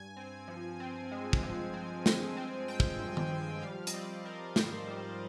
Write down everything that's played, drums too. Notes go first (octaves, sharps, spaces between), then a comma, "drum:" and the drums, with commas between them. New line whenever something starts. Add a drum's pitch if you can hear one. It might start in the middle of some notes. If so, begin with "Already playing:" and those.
Already playing: G2 G#5
C4
F3
C4
G#3
drum: kick
F3
C4
G#3, drum: snare
C4
C4 G5
drum: kick
G2
drum: tom D#3
F3
G3 F5
D#5, drum: hi-hat
C4 D5
C4 A#4
G#2 C5, drum: snare
G3